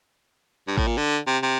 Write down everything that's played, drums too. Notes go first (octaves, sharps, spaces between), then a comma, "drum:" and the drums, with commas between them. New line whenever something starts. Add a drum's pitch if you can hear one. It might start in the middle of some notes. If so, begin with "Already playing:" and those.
G2
A2, drum: kick G#1
A#2
D3
C3
C3